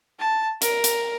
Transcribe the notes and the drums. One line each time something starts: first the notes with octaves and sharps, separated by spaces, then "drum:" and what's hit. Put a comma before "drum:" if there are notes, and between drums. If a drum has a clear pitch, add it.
A5
A#4, drum: hi-hat
drum: hi-hat